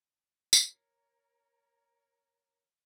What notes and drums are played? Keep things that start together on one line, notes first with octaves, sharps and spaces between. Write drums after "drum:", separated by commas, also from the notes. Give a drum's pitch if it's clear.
A#4 C#5 A#5, drum: tambourine